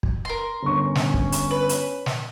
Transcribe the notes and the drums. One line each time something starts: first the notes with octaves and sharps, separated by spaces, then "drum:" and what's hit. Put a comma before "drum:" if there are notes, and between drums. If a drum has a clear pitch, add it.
drum: kick
A#4 C6
G1 C#4 C#6
drum: snare
drum: kick
drum: hi-hat
B4
drum: hi-hat
drum: snare